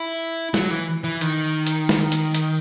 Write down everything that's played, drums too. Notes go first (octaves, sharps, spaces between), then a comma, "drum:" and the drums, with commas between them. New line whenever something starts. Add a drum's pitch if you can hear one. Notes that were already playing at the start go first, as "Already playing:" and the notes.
Already playing: E4
F#3, drum: snare
E3
E3
D#3, drum: hi-hat
drum: hi-hat
drum: snare
drum: hi-hat
drum: hi-hat